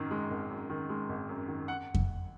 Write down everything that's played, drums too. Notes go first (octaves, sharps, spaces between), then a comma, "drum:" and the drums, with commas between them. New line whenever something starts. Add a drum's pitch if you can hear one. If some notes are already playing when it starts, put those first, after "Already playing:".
Already playing: G#1 F#2 D#3
G#3
G#1
F#2
D#3
G#3
G#1
F#2
D#3
F#5
drum: kick F2